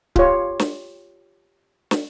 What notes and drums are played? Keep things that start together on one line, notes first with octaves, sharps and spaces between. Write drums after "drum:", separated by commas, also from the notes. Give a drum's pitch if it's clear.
F4 G4 C#5, drum: kick C#1
drum: snare
drum: snare